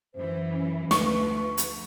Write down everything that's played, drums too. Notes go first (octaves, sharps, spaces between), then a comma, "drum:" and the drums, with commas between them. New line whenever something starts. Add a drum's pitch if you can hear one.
F#2 E3 C5
C#4
D2 F3 A3 B4 C#6, drum: snare
drum: hi-hat